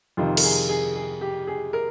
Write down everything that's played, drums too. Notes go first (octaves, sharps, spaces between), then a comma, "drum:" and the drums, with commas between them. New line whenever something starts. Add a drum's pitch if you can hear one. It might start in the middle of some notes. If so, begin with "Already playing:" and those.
F2 C3 D#3 F4
A#4, drum: cymbal
G#4
G#4
G#4
G4
G#4
A#4